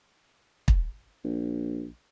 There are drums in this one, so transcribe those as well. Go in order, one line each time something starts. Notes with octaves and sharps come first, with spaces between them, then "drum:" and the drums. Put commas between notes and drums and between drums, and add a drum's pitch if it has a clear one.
drum: kick
A#1